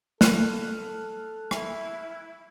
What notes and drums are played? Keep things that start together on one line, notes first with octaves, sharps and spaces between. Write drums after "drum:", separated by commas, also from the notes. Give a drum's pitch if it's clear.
A4 F6 F#6, drum: snare
E4, drum: rim click